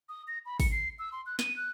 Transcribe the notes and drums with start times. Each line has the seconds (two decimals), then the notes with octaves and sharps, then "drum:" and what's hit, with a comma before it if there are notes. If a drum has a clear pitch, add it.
0.09 D#6
0.28 A#6
0.46 B5
0.60 C#7, drum: kick G#1, open hi-hat
0.72 C7
0.99 E6
1.12 C6
1.26 F#6
1.39 D#7, drum: snare
1.56 F#6